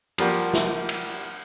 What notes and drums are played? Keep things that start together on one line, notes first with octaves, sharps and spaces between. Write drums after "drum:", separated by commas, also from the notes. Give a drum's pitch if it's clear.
F3 G3 A#3 F#4, drum: cymbal
drum: snare
drum: cymbal